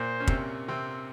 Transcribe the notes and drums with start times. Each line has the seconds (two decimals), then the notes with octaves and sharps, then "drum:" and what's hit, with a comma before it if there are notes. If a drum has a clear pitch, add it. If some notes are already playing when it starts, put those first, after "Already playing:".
Already playing: A#2 A#3 C5
0.20 C#4
0.27 C3 C4, drum: kick
0.68 C3 C4